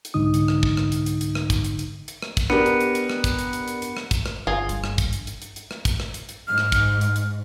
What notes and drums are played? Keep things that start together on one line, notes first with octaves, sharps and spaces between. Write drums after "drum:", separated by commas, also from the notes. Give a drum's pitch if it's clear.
drum: hi-hat
C2 G#2 D3 D#4 D#6
drum: hi-hat
drum: rim click
drum: kick
drum: rim click
drum: hi-hat
drum: hi-hat
drum: hi-hat
drum: rim click
drum: kick, hi-hat
drum: hi-hat
drum: hi-hat
drum: hi-hat
drum: rim click
drum: kick, hi-hat
B3 D4 G4 A#4, drum: rim click
drum: hi-hat
drum: hi-hat
drum: hi-hat
drum: rim click
drum: kick, hi-hat
drum: hi-hat
drum: hi-hat
drum: hi-hat
drum: hi-hat
drum: rim click
drum: kick, hi-hat
drum: rim click
G1 F4 G#4
G2, drum: hi-hat
drum: rim click
drum: kick, hi-hat
drum: hi-hat
drum: hi-hat
drum: hi-hat
drum: hi-hat
drum: rim click
drum: kick, hi-hat
drum: rim click
drum: hi-hat
drum: hi-hat
G#2 F6
drum: rim click
drum: kick, hi-hat
drum: hi-hat
drum: hi-hat